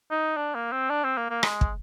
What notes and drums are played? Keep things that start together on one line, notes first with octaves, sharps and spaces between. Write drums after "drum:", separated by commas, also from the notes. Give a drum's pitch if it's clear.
D#4
D4
A#3
C4
D4
C4
A#3
A#3
G#3, drum: rim click
drum: kick